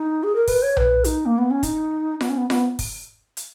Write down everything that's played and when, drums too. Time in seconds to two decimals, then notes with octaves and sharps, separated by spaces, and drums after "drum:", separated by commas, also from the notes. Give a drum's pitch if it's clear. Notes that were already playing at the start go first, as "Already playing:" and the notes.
Already playing: D#4
0.23 G#4
0.35 A#4
0.48 B4, drum: kick, open hi-hat
0.62 C#5
0.77 B4, drum: tom B1
1.04 D#4, drum: hi-hat
1.25 A#3
1.38 B3
1.50 C#4
1.63 D#4, drum: kick, hi-hat
2.21 B3, drum: snare F4
2.29 C#4
2.37 B3
2.50 B3, drum: snare F4
2.79 drum: kick, open hi-hat
3.37 drum: hi-hat